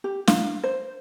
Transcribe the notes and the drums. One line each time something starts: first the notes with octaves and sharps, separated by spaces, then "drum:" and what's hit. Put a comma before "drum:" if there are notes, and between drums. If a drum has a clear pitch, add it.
G4
F5, drum: snare
C5